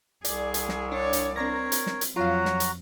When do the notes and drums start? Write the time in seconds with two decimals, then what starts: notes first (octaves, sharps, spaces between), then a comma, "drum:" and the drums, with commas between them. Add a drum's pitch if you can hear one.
0.25 C2 G#4 D5, drum: hi-hat
0.54 drum: hi-hat
0.69 drum: snare
0.92 D4 C#5 D5
1.13 drum: hi-hat
1.36 C4 D4 A#4 C#5 A#5 A#6
1.72 drum: hi-hat
1.86 drum: snare
2.01 drum: hi-hat
2.16 F2 F#3 F4 F#4 F5 F#5 A#5
2.45 drum: snare
2.60 drum: hi-hat